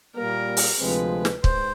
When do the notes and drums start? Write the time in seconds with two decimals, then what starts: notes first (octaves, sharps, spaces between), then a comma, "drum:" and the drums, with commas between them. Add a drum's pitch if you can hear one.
0.17 A#2 G3 A#3 A#4
0.57 drum: open hi-hat
0.80 D2 C3 F3 G#3 C4 B4
1.25 drum: snare
1.44 G#2 C5, drum: kick